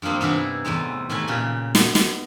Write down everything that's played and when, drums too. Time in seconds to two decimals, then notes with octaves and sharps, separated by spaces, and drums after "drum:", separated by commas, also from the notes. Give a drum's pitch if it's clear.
0.02 G2 F3 G3 A#3 C4
0.21 G2 C3 E3 B3 D#4 E4
0.65 E2 A2 G3 G#3
1.09 A2 D#3 E3 A3 B4 G#5
1.28 A#2 C#3 G4
1.75 B3, drum: snare
1.95 drum: snare